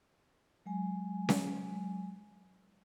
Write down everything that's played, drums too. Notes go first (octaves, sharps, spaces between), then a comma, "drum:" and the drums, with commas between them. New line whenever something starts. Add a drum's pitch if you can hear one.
F#3 G#3 G#5
drum: snare C#4